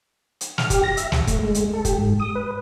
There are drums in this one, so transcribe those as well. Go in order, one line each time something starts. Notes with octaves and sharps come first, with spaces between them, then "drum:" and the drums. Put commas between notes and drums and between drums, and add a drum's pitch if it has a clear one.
drum: hi-hat
F6, drum: snare
G4, drum: kick, hi-hat
A#6
E5, drum: hi-hat
D2, drum: snare
A3, drum: kick, hi-hat
G#3
drum: hi-hat
A4
G4, drum: kick, hi-hat
G#2
D#6
B4